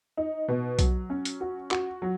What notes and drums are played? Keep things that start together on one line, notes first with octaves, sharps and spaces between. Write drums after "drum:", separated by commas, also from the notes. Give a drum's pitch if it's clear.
D#4
B2
F#3, drum: kick B1, hi-hat
C#4
drum: hi-hat
F#4
F#4, drum: clap
F#3